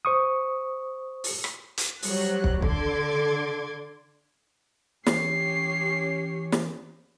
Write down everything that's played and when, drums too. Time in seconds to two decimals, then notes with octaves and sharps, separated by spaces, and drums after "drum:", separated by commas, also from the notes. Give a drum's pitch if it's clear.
0.05 C5 C#6 D#6
1.24 drum: open hi-hat
1.44 drum: rim click
1.78 drum: hi-hat
2.02 F#3 G3 C5 F#6, drum: open hi-hat
2.44 drum: kick
2.62 D3 A4 C6 D6 G#6, drum: kick
5.06 E3 C#4 G4 C#5 C7, drum: snare
6.52 drum: snare